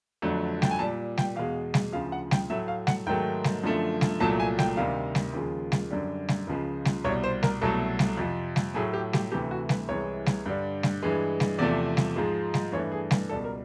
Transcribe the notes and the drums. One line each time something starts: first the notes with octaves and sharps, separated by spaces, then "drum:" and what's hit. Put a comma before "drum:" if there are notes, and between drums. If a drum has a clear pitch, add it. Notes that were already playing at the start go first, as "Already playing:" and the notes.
F2 D3 F#3 A3
G5, drum: snare G3
G#5
A#2 G3 A5
G5, drum: snare G3
E2 B2 G#3 F5
drum: snare G3
D2 C#3 F3 F5
F#5
G5, drum: snare G3
A2 F#3 A3 E5
F5
F#5, drum: snare G3
G#2 D#3 F#3 A3 G5
drum: snare G3
F#2 D3 F3 A3
drum: snare G3
C2 A#2 F#3 A3 A5
G#5
G5, drum: snare G3
D2 C3 D#3 G3 F5
drum: snare G3
D#2 C#3 F3 G#3
drum: snare G3
F#2 D3 G3
drum: snare G3
C#2 C#3 F3 G#3
drum: snare G3
C2 B2 G3 C#5
C5
A#4, drum: snare G3
C2 B2 F#3 A3 A4
drum: snare G3
F2 C3 F3
drum: snare G3
A2 F#3 A3 G#4
G4
G4, drum: snare G3
D2 C3 E3 A3 G4
F#4
B4, drum: snare G3
C2 C3 E3 G#3 C#5
drum: snare G3
G2 D3 G3
drum: snare G3
G2 E3 G#3
drum: snare G3
E2 C3 F3 A3 D5
drum: snare G3
G#2 F3 G#3
drum: snare G3
G2 E3 A3 C#5
G#4
drum: snare G3
C#2 B2 G3 A4
A#4